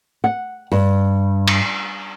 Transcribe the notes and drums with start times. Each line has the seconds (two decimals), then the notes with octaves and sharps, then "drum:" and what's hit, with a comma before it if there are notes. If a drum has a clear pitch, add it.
0.24 F#5
0.72 G2
1.48 drum: cymbal